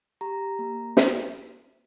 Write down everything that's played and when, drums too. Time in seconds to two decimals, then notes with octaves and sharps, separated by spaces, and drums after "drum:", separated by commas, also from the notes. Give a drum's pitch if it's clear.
0.21 G4 A#5
0.59 A#3
0.97 drum: snare